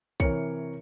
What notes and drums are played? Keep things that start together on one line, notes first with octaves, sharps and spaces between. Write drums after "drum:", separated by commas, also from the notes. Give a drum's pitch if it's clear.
C3 E3 A#4 C#5 C#7, drum: kick B1